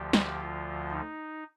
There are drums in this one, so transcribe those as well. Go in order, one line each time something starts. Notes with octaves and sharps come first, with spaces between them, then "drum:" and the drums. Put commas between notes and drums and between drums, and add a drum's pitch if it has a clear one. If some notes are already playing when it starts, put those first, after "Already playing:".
Already playing: D2 D3 F3 G4
drum: snare
F4
D#4